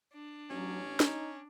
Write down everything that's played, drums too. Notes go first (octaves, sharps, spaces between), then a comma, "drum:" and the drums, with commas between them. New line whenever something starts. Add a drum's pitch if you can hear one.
D4
A1 F#3 C#4
D#4, drum: snare